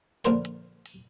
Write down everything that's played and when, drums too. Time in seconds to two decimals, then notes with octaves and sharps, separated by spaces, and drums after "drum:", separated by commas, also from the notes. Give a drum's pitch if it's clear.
0.25 A#1 A#2 D3 A#4 C5 F#5, drum: hi-hat
0.45 drum: hi-hat
0.86 drum: open hi-hat